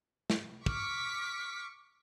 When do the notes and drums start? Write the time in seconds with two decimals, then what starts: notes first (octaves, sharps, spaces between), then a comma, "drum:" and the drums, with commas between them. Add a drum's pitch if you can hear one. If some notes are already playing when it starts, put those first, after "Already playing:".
0.30 drum: snare
0.66 C#6 D6 F6 B6, drum: kick